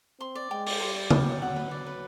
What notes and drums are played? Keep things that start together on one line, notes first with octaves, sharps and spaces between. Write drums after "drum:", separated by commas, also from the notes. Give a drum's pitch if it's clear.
C4 C6
D5
G#3 G5
D5, drum: open hi-hat
G3 C6
D5
F#3 G5, drum: tom C#3
D5
F#3 F#5
B4
F#3 D5
B4